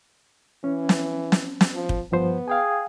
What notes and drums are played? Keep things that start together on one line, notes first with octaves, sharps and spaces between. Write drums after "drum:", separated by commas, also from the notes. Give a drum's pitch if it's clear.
E3 C#4
drum: snare
drum: snare
drum: snare
F3
drum: kick
G2 F3 B3 C5
G#4 F5 G5 G#5